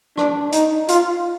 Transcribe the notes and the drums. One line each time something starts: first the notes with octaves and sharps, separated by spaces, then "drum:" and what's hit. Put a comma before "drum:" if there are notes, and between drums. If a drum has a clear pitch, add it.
D4, drum: rim click
D#4, drum: hi-hat
F4, drum: hi-hat